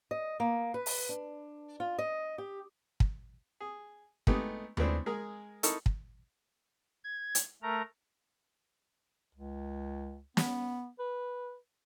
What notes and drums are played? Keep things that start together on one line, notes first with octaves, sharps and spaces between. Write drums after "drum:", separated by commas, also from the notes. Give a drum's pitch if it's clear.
D#5
A#3
B4
drum: open hi-hat
D4
F4
D#5
G4
drum: kick
G#4
G#3 A3 B3 D#4 G4, drum: kick
G#3 A3 B3 C4 D4 E4, drum: tom D#2
G#3 G#4 A#4 G#5
D#4 E4 A4 A#4 C#6, drum: hi-hat
drum: kick
G#6
drum: hi-hat
A3 A#4 A#5
C#2
B3, drum: snare
B4